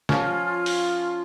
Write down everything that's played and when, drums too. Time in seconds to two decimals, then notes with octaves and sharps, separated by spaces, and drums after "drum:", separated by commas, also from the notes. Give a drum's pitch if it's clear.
0.09 F3 C#4 F4, drum: snare
0.66 drum: open hi-hat